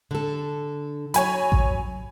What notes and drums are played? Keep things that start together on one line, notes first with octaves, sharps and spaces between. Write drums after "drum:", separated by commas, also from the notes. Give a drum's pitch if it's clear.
D3 A4
F#3 C#5 G#5 B5, drum: hi-hat
drum: kick A1